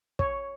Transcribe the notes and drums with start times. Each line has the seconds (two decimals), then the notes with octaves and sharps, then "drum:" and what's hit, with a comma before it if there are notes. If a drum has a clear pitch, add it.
0.19 C#5, drum: kick